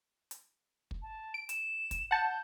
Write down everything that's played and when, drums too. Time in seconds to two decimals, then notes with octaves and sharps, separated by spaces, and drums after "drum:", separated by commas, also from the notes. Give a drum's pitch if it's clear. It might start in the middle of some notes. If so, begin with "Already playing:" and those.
0.31 drum: hi-hat
0.91 drum: kick
1.02 A5
1.34 D7
1.49 E7, drum: hi-hat
1.91 drum: kick, hi-hat
2.11 F#5 A5 G6